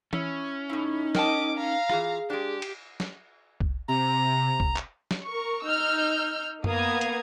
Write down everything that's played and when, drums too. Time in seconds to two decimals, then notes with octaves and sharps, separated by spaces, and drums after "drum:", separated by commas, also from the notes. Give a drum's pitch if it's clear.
0.13 C#4 E4, drum: tom E3
0.69 A2 D#4 E4
1.15 A#4 D#5 G5 A5 D6, drum: snare
1.57 F5 A#5
1.89 E3 F4 G#4, drum: rim click
2.30 G#3 D4 G4
2.62 drum: cymbal
3.00 drum: snare
3.60 drum: kick C2
3.88 C3 A#5
4.60 drum: kick C2
4.76 drum: clap
5.11 drum: snare
5.25 A#4 C#6
5.67 D#4 E6 F6 G6
6.64 A#3 B3 F5 A#5 D#6 G#6, drum: tom F#2
7.01 drum: hi-hat